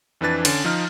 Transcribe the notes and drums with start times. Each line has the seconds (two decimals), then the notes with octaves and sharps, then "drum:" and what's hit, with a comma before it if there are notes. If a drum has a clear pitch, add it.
0.21 F2 E3 D4 B4 A6
0.45 D3 C#4, drum: cymbal
0.64 F3 D#4 F6